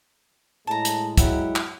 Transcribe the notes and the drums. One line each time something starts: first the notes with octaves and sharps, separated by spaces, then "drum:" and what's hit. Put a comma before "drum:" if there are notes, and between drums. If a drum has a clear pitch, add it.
A2 G#3 A5 A#5
drum: hi-hat
F#3 G#3 E4 G4 E5 F#5, drum: kick, hi-hat
drum: clap